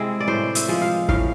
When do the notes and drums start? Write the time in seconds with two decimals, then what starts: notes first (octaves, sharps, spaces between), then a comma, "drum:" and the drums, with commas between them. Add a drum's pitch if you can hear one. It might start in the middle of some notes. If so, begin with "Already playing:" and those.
Already playing: C3 G#3 C4 E4
0.20 D5
0.28 A2 C5
0.55 E5, drum: hi-hat
0.68 F3 G#3
0.82 F5
1.09 A2 F5, drum: kick